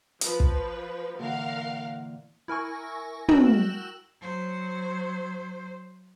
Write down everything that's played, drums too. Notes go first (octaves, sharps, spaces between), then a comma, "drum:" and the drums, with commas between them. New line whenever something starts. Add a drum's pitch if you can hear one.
F3 B4, drum: hi-hat
drum: kick
A#2 D3 E3 A#4 F5 F#5
E4 A#4 G#5 C#6
F#4 A#4 G5 E6 E7 F#7, drum: tom
F#3 C5